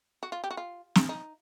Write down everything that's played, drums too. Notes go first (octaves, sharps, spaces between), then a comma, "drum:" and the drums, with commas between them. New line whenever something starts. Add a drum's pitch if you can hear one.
F#4
F4
G4
F#4
F4
drum: snare
D#4